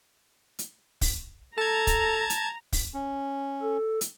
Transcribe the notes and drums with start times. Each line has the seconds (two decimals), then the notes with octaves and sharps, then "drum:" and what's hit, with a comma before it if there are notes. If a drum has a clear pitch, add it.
0.59 drum: hi-hat
1.01 drum: kick, open hi-hat
1.58 A4 A5 A#5 G#6
1.87 drum: kick, hi-hat
2.30 drum: hi-hat
2.73 drum: kick, open hi-hat
2.94 C#4
3.62 A4
4.01 drum: hi-hat